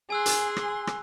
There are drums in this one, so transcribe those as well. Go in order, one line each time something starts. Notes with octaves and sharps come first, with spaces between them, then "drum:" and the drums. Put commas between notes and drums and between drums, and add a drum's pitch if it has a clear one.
G#4 G#5 C6 E6 F#6
drum: hi-hat
drum: rim click
drum: rim click